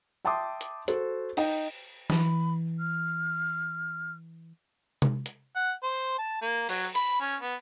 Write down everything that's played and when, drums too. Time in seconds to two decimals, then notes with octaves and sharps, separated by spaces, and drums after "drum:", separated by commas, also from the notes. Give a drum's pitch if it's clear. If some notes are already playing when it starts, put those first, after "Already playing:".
0.25 E5 G5 A5 C6 D6 D#6
0.61 drum: hi-hat
0.88 F#4 A4 C5, drum: hi-hat
1.37 D#4 D#5 G5, drum: cymbal
2.10 E3 B5, drum: snare
2.80 F6
5.02 drum: tom C3
5.26 drum: hi-hat
5.55 F#5
5.83 C5
6.18 A5
6.42 A#3
6.69 F#3, drum: cymbal
6.95 B5, drum: hi-hat
7.21 C#4
7.42 B3